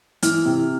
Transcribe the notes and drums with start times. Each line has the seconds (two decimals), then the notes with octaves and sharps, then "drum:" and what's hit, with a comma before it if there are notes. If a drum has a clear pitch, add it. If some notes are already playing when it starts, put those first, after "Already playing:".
0.22 E3 F6, drum: hi-hat
0.45 C3